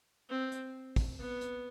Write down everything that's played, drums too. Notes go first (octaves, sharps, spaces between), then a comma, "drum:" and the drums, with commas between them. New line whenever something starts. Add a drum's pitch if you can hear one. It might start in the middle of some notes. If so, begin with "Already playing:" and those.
C4
drum: hi-hat
drum: kick, open hi-hat
B3
drum: hi-hat